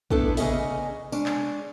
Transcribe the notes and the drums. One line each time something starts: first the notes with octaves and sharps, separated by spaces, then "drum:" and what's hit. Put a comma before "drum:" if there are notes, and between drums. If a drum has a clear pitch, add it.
A3 B3 D4 E4 A4, drum: kick
E2 C#3 C#4 G#4 D#5 E5, drum: open hi-hat
G#3 C#4 D4, drum: tambourine
drum: clap